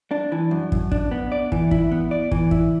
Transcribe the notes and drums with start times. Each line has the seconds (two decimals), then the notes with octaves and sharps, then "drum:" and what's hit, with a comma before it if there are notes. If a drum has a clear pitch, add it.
0.11 D4
0.32 E3
0.51 F#2
0.72 F#2, drum: kick
0.91 D4, drum: kick
1.11 B3
1.32 D5
1.52 E3, drum: kick
1.71 E4, drum: kick
1.91 B3
2.11 D5
2.31 E3, drum: kick
2.51 E4, drum: kick